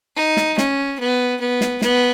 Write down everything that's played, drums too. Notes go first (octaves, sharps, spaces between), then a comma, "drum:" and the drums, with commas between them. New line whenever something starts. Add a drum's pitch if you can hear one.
D#4
drum: snare
C#4, drum: snare
B3
B3
drum: snare
B3, drum: snare